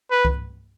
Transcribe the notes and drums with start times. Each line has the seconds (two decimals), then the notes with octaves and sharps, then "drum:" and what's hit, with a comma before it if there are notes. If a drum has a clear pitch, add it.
0.11 B4
0.25 drum: kick C2